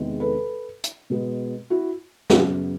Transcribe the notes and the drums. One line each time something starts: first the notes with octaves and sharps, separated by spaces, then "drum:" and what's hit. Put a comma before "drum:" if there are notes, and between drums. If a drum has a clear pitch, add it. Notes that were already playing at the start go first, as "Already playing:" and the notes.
Already playing: E2 C3 D#3 G#3
A4 B4
drum: hi-hat
B2 G#3 B3
E4 F#4
F#2 C#3 F#3 B3 F4 G4, drum: snare